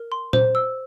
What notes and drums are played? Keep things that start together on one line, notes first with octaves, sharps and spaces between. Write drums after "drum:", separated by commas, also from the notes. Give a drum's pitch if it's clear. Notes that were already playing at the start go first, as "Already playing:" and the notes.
Already playing: A#4
C6
C5, drum: tom A#2
E6